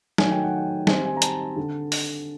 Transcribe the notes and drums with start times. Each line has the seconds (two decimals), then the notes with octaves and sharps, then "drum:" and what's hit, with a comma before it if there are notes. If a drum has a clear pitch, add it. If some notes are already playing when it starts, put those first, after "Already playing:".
0.18 D#3 F#3 A3 G#5, drum: snare
0.31 G5
0.44 F#5
0.58 G5
0.87 D#3 G3 C4 D#4 G#5, drum: snare
1.06 G#5
1.17 A#5
1.22 A5, drum: hi-hat
1.57 D3
1.92 drum: open hi-hat